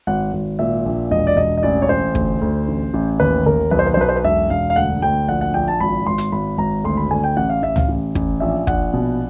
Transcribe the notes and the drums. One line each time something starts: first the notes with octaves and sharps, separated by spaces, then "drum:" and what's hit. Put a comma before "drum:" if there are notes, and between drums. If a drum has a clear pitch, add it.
G#1 F#5
G#1
A#2 E5
A#1
E1 D#5
D5
E1 D#5
D#5
A1 D5
C#5
A1 C5
D2, drum: kick
D2
A1
A1
D#2 B4
D#2 A#4
B1 B4
C5
B4
C5
B1 B4
C5
B4
E1 E5
E1 F5
F5
D2 F#5
D2 G5
A#1 F#5
F#5
A#1 G5
A5
G#1 B5
G#1 C6
drum: hi-hat
G#1 B5
G#1 A#5
D2 C6
B5
D2 G#5
G5
A1 F#5
F5
A1 E5
F5, drum: tom C#2
A1
A1, drum: kick
A#1 E5
A#1 F#5, drum: kick
B2